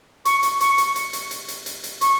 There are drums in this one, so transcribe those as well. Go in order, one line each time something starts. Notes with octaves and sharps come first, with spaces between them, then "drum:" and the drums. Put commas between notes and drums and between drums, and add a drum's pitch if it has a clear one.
C#6, drum: hi-hat
drum: hi-hat
C#6, drum: hi-hat
drum: hi-hat
drum: hi-hat
drum: hi-hat
drum: hi-hat
drum: hi-hat
drum: hi-hat
drum: hi-hat
C#6, drum: hi-hat